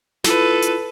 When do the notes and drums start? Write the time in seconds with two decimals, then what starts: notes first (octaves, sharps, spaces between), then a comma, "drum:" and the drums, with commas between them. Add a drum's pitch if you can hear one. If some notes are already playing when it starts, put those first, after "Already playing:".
0.24 E4 F4 A4 B4, drum: snare
0.62 drum: hi-hat